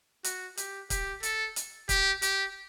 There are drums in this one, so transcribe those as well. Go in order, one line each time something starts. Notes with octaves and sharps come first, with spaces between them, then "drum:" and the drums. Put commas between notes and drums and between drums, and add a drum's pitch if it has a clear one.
F#4, drum: hi-hat
G4, drum: hi-hat
G4, drum: kick, hi-hat
A4, drum: hi-hat
drum: hi-hat
G4, drum: kick, hi-hat
G4, drum: hi-hat